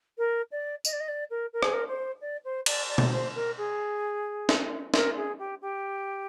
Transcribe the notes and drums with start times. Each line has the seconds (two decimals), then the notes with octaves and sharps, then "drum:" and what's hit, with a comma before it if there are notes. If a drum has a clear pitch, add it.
0.17 A#4
0.51 D5
0.85 D#5, drum: tambourine
0.92 D5
1.00 D#5
1.08 D5
1.30 A#4
1.53 A#4
1.63 G#4, drum: rim click
1.73 A#4
1.87 C5
2.21 D5
2.44 C5
2.66 D5, drum: cymbal
2.89 D5
2.98 drum: tom B2
3.11 C5
3.35 A#4
3.57 G#4
4.49 drum: snare
4.94 A#4, drum: snare
5.16 G#4
5.38 G4
5.61 G4